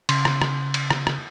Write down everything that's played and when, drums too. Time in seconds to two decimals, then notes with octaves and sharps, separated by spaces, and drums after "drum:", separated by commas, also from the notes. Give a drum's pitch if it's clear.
0.09 C#3 C6, drum: cymbal
0.25 drum: rim click
0.42 drum: rim click
0.74 drum: cymbal
0.90 drum: rim click
1.07 drum: rim click